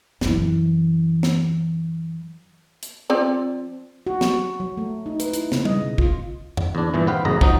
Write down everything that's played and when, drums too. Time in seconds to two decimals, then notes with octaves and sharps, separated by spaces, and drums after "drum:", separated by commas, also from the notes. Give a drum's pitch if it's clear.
0.21 F#2 E3, drum: snare
1.23 drum: snare
2.83 drum: hi-hat
3.10 F3 C4 D5
4.07 F#4
4.21 F#3, drum: snare
4.60 F#3
4.77 A3
5.06 D#4
5.20 B4, drum: hi-hat
5.33 E4, drum: hi-hat
5.52 C#3, drum: snare
5.65 D#5, drum: tom G3
5.82 B2
5.98 F4, drum: kick
6.57 drum: tom F2
6.75 E2 D4
6.94 E2 G2 A#2 E3
7.07 B3 C4 B4 F5 G5
7.25 A1 F#2 C#3 D#5 A#5
7.41 F3 F#3 D#4, drum: kick